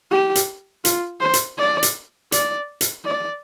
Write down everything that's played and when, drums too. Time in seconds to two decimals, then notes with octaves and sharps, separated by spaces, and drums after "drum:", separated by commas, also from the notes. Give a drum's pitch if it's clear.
0.11 G4
0.35 drum: hi-hat
0.85 F4, drum: hi-hat
1.21 C5
1.34 drum: hi-hat
1.58 D5
1.83 drum: hi-hat
2.32 D5, drum: hi-hat
2.81 drum: hi-hat
3.05 D5